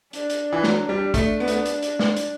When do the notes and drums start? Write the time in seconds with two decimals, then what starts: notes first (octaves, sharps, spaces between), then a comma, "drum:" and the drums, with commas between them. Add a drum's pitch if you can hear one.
0.13 D4, drum: hi-hat
0.30 drum: hi-hat
0.53 E3
0.64 F#3, drum: snare
0.89 G3
1.14 A3 D4, drum: kick, hi-hat
1.40 B3
1.48 A3, drum: hi-hat
1.54 B3
1.66 drum: hi-hat
1.82 drum: hi-hat
1.99 drum: snare
2.16 drum: hi-hat